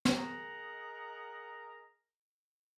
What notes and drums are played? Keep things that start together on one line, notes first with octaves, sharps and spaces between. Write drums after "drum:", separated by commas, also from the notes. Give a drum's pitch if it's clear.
drum: snare
G#4 A#4 D#5 F#5 A#5